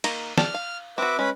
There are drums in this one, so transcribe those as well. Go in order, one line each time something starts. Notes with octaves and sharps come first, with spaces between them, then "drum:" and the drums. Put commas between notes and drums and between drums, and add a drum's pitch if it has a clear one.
D#3 A#3 A#5, drum: cymbal
D5 G5 A5 F6, drum: snare
F5
C4 F#4 B4 E5 D6
G#3 C#4 B4 B5